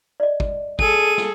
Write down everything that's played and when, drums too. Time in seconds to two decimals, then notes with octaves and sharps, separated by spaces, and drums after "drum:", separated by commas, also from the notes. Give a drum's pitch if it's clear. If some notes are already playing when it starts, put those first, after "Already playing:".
0.20 D5 D#5
0.40 drum: kick
0.79 G#4 A4 D#7, drum: kick
1.18 drum: snare